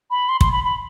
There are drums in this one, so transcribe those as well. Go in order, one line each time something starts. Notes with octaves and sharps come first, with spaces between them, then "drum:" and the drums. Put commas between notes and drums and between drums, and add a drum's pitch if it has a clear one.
B5
C6
C6, drum: kick
B5
B5